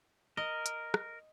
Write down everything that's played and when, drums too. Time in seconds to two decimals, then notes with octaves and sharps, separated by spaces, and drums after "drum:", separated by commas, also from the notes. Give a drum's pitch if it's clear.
0.37 A#4 D#5
0.66 drum: hi-hat
0.94 drum: rim click